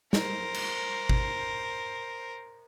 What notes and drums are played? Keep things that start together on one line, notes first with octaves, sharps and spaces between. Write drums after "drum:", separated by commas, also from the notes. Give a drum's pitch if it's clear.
A#4 C5, drum: snare
drum: cymbal
drum: kick G#1